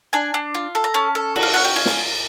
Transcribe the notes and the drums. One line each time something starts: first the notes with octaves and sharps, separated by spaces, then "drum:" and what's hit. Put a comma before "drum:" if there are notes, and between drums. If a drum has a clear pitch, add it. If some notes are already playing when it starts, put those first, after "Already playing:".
D4 G#5
D4
F4
A4
A#5
C#4 A5
A4
F#4, drum: cymbal
F5
C#4 F#5
G5
F4 G#5
drum: snare